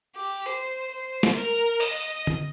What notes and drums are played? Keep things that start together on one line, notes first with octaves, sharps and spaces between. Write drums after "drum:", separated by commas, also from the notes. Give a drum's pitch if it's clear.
G4
C5
C5
drum: snare
A#4
D#5, drum: open hi-hat
drum: tom D3